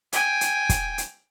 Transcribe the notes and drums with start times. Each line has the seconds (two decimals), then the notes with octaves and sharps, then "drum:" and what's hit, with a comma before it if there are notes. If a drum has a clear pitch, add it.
0.12 G5 G#5, drum: hi-hat
0.41 drum: hi-hat
0.69 drum: kick, hi-hat
0.98 drum: hi-hat